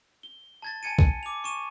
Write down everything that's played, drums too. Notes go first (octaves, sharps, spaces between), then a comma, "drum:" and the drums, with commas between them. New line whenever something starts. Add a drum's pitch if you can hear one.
G7
A5 G#6 A6
G#5 A5 G#6 C#7 D#7
drum: kick
D6 F7
C#6 D#7 E7